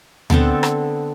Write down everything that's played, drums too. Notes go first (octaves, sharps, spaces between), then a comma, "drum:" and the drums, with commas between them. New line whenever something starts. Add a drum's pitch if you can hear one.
D3 B3 C4 A4, drum: tom D2
drum: rim click